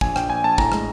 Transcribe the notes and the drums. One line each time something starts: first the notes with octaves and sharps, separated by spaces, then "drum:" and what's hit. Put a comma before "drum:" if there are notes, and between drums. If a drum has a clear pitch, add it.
A#1 G#5, drum: kick
A#1 G5, drum: rim click
A#1 G#5
A#1 A5
A2 A#5, drum: kick
G#3, drum: rim click